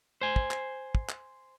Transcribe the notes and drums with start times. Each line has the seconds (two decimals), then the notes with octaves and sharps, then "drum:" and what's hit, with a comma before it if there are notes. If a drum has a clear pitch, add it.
0.21 C5 G#5
0.36 drum: kick
0.51 drum: clap
0.95 drum: kick
1.09 drum: clap